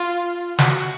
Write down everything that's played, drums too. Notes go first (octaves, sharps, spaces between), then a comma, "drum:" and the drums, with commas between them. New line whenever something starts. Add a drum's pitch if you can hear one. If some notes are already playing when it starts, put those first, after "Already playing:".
Already playing: F4
F#4, drum: snare